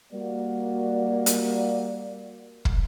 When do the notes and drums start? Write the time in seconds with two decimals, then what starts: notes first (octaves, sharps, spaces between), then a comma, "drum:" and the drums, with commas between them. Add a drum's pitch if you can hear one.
0.12 G3 A#3 F#4 D5
1.26 drum: hi-hat
2.65 drum: kick